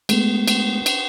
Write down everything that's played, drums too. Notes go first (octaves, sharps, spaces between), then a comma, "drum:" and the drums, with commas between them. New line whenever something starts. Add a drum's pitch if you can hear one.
G#3 A3 B3, drum: cymbal
drum: cymbal
drum: cymbal